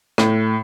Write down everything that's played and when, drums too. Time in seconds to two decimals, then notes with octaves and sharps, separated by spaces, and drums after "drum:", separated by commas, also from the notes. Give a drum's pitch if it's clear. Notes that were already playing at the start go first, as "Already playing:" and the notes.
0.18 A2, drum: rim click